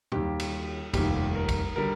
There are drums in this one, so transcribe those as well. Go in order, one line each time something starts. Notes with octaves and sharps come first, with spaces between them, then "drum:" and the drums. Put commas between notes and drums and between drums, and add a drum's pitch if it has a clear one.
D#2 D#3 G3 G4, drum: tom
drum: cymbal
F1 D#2 D#3 G3 G4, drum: kick, cymbal
A#4
drum: kick, cymbal
D3 G3 A#4